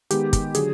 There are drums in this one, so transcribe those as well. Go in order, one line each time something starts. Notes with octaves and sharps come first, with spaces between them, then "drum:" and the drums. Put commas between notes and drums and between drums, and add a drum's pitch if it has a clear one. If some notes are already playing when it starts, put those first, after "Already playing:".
D#3 G#3 B3 G4, drum: hi-hat
drum: kick, hi-hat
D3 F#3 G#4, drum: hi-hat